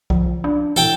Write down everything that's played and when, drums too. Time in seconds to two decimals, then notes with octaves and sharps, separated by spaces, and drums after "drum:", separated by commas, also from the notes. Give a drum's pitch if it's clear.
0.10 F3, drum: kick C2
0.44 D4
0.76 E3 A4 G5